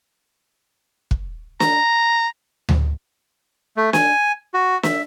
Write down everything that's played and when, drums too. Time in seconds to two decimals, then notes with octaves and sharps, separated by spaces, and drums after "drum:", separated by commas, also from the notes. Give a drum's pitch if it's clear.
1.11 drum: kick
1.60 A#5, drum: snare
2.69 drum: tom D2
3.77 A3
3.93 G#5, drum: snare
4.54 F#4
4.83 E5, drum: snare